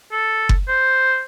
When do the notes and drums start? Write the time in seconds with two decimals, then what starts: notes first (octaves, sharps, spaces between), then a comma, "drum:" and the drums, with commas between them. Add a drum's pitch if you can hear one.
0.12 A4
0.49 drum: kick F#1
0.69 C5